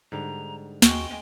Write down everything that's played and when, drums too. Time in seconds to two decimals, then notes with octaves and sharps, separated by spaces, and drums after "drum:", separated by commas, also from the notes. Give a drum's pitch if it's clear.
0.12 G#2 D3 G3 A#5
0.82 D#2 G#3 F#4 G5 C#6, drum: snare